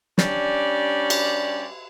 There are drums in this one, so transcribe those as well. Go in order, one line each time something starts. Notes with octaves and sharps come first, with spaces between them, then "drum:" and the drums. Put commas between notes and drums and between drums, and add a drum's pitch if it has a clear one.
G3 C#4 D4 D5, drum: snare
drum: cymbal